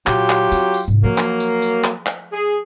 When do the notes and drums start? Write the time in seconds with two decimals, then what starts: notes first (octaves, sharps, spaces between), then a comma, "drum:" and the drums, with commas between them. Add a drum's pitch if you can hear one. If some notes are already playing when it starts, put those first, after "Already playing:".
0.07 A#2 F#3 F4 G4, drum: clap
0.30 drum: clap
0.52 C4, drum: tambourine
0.74 drum: tambourine
0.88 G#2 C3
1.03 F3 F#3 A#3
1.18 drum: clap
1.40 drum: tambourine
1.62 drum: tambourine
1.84 drum: clap
2.06 drum: clap
2.32 G#4